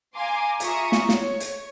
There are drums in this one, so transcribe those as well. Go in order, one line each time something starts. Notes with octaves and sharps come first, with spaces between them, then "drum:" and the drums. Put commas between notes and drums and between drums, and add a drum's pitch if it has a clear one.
F5 G#5 A#5 C6 D6
F4 G#4 E5 A#5 C#6 D#6, drum: hi-hat
drum: snare
C#5, drum: snare
drum: hi-hat